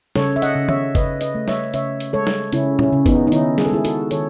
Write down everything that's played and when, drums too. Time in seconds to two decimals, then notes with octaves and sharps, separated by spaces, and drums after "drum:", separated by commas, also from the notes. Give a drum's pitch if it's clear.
0.16 C#3 A4 C#5, drum: snare G3
0.36 E5
0.42 D#5 F#5, drum: hi-hat
0.56 C#3
0.69 C#5 E5, drum: tom
0.95 C#3 B4 D#5, drum: kick G1, hi-hat
1.21 B4 D#5, drum: hi-hat
1.35 A3
1.48 C#5 E5, drum: snare G3
1.74 C#3 C#5 E5, drum: hi-hat
2.00 drum: hi-hat
2.13 G#3 A4 C#5
2.27 drum: snare G3
2.53 C#3 C#4 E4, drum: hi-hat
2.79 C#4 E4, drum: tom
2.92 C#3
3.06 B3 D#4, drum: kick G1, hi-hat
3.27 D#4
3.32 D#3 C#4 E4, drum: hi-hat
3.58 G#4, drum: snare G3
3.66 A4
3.71 G#3 E4 G#4
3.85 F#4 A4, drum: hi-hat
4.11 D#3 A4 C#5, drum: hi-hat